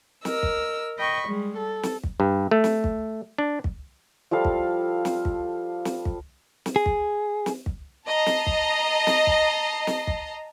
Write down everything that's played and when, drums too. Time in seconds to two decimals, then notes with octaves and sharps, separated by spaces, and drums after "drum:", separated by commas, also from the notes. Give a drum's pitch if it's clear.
0.25 A#4 D#5 E6, drum: snare
0.43 drum: kick
0.98 D#5 G5 B5 C#6
1.28 G3 G#3
1.58 A4
1.83 drum: snare
2.03 drum: kick
2.20 G2
2.51 A3
2.64 drum: snare
2.84 drum: kick
3.38 D4
3.64 drum: kick
4.31 F3 G3 A4 F5
4.45 drum: kick
5.05 drum: snare
5.25 drum: kick
5.85 drum: snare
6.05 drum: kick
6.66 drum: snare
6.76 G#4
6.86 drum: kick
7.46 drum: snare
7.66 drum: kick
8.06 D#5 A5 A#5 C7
8.26 drum: snare
8.46 drum: kick
9.07 drum: snare
9.27 drum: kick
9.87 drum: snare
10.07 drum: kick